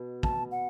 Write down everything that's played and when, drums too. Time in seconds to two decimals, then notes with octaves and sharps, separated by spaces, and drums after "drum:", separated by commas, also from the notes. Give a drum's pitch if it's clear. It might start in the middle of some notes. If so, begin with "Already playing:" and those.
Already playing: B2
0.23 A5, drum: kick
0.52 F#5